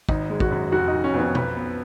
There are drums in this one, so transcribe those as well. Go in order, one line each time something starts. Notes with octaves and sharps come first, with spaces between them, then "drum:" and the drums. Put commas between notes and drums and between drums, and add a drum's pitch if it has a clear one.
G#1 D#4, drum: kick
G#3
F#4, drum: kick
F#2
F1 F#4
D#4
F1
C#4
F2 B3
C#4
B1 B4, drum: tom B2
B3